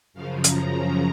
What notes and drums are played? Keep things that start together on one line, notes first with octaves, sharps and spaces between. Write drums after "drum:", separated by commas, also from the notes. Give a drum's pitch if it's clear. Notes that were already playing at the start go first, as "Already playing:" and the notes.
F#2 C#3 F3 F5
A#5, drum: hi-hat